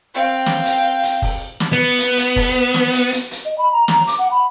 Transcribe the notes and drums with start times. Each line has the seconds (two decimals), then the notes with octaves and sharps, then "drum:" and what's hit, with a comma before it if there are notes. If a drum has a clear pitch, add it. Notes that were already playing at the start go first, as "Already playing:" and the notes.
0.14 C4 F5 G5
0.46 drum: snare
0.65 drum: hi-hat
1.03 drum: hi-hat
1.22 drum: kick, open hi-hat
1.60 drum: snare
1.73 B3
1.98 drum: hi-hat
2.17 drum: hi-hat
2.36 drum: kick, open hi-hat
2.74 drum: snare
2.93 drum: hi-hat
3.12 drum: hi-hat
3.31 drum: hi-hat
3.45 D#5
3.58 B5
3.72 A#5
3.88 A#5, drum: snare
4.07 D6, drum: hi-hat
4.18 F#5
4.31 B5